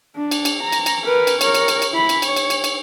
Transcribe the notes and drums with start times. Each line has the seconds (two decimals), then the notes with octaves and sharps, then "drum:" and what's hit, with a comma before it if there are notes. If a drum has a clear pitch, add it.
0.16 D4
0.31 drum: cymbal
0.45 drum: cymbal
0.62 A#5
0.72 drum: cymbal
0.86 drum: cymbal
1.05 A#4 B4
1.27 drum: cymbal
1.41 A#4 C#5, drum: cymbal
1.54 drum: cymbal
1.68 drum: cymbal
1.82 drum: cymbal
1.92 E4 B5
2.09 drum: cymbal
2.22 C#5, drum: cymbal
2.37 drum: cymbal
2.50 drum: cymbal
2.64 drum: cymbal